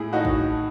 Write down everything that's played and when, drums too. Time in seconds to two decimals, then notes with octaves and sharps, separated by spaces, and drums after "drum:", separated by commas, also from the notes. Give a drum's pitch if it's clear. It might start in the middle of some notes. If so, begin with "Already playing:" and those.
Already playing: A2 E4 G#4
0.12 A2 D#4 F#4
0.25 drum: kick